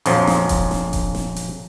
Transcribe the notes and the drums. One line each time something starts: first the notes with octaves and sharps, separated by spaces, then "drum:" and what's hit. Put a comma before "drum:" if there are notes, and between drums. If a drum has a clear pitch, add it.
A#1 F2 F3 F#3, drum: hi-hat
drum: snare
drum: kick E1, hi-hat
drum: snare
drum: kick E1, hi-hat
drum: snare
drum: hi-hat